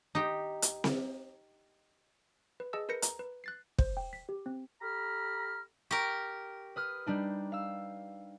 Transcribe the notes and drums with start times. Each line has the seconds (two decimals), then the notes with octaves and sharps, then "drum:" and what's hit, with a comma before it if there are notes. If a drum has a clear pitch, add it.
0.15 D#4 G4
0.62 drum: hi-hat
0.84 drum: snare C4
2.60 B4
2.73 G#4 D#5 A5 E6
2.89 A#4 B4 G6 A#6 C#7
3.02 A#5, drum: hi-hat
3.19 B4
3.44 F#6 A6 C7
3.79 C5, drum: kick
3.97 G5
4.13 B6
4.29 G4
4.46 C4
4.82 G4 A4 A#5 B5 F6
5.91 G4 A#4 C#6
6.76 B4 D#6 F6
7.06 G3 D4 D#4
7.52 F5 E6